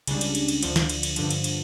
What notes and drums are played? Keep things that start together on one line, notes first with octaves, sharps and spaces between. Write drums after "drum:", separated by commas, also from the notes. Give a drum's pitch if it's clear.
C#2 C#3 G3 D4, drum: cymbal
drum: cymbal
drum: cymbal
drum: cymbal
D2 D3 F3, drum: cymbal
drum: snare
drum: cymbal
drum: cymbal
G2 D3 F3, drum: cymbal
drum: cymbal
drum: cymbal